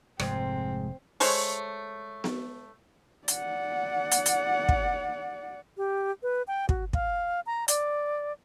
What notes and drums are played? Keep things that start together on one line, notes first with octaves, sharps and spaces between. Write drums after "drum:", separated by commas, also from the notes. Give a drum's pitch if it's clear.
F1 G#2 C4, drum: rim click
G#3 A3 C5 C#5, drum: open hi-hat
drum: snare B3
D5 F#5, drum: hi-hat
drum: hi-hat
drum: hi-hat
drum: kick
G4
B4
G5
F#4, drum: kick
F5, drum: kick
A#5
D5, drum: hi-hat